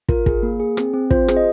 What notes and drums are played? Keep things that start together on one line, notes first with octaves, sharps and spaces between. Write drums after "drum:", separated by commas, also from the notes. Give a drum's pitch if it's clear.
F4 A#4, drum: kick
G#4, drum: kick
A#3
G#4
C4, drum: rim click
C4
F4 C5, drum: kick
G#4, drum: rim click
D#5